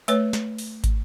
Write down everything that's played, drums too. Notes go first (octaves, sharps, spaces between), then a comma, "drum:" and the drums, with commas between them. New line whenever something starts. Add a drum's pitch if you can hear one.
A3 B4 C#5, drum: hi-hat
drum: snare
drum: open hi-hat
drum: kick, hi-hat